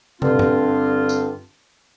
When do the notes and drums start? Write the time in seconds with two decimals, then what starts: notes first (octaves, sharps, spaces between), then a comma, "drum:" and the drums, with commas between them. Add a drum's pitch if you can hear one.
0.22 G2 D3 C4 F4, drum: tom
0.39 drum: tom
1.09 drum: tambourine